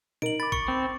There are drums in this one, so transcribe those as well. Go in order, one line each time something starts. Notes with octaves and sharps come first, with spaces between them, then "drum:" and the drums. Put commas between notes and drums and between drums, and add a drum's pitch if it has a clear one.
D#4 A#4 D7 F#7, drum: tom A#2
B5 D6 A6
C#6 C#7, drum: kick
C4